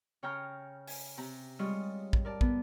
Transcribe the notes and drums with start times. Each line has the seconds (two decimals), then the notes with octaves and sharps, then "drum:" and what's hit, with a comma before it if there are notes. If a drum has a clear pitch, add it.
0.23 C#3 C#5 G5 G#5 A#5 F6
0.87 G#5, drum: open hi-hat
1.17 C3 A#5
1.59 G3 G#3 F4 C#5 D#5
2.13 drum: kick
2.25 A#4 D5 A5
2.41 B3, drum: kick